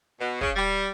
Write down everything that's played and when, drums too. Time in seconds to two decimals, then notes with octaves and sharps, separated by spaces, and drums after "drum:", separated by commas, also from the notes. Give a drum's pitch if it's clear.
0.20 B2
0.41 C#3, drum: kick
0.56 G3